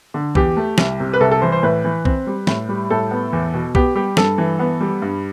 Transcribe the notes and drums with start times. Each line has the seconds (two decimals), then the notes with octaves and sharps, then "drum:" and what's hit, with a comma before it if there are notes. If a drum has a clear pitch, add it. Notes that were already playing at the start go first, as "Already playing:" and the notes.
0.14 D3
0.35 E2 G4, drum: kick B1
0.57 A3
0.78 C2, drum: snare
1.00 C3
1.14 B4
1.20 C2 A4
1.31 A4
1.42 E3 C5
1.52 C5
1.63 A2 B4
1.84 E3
2.05 C4, drum: kick B1
2.27 G3
2.47 A2, drum: snare
2.69 G3
2.90 A2 A4
3.11 B3
3.33 E2
3.54 B2
3.75 B3 G4, drum: kick B1
3.95 G3 G4
4.17 G2 A4, drum: snare
4.38 E3
4.59 B3
4.80 G3
5.02 G2